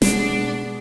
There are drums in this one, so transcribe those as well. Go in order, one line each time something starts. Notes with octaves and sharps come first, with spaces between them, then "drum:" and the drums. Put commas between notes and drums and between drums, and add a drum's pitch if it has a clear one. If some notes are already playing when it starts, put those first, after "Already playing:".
B2 G#3 B3 D4, drum: snare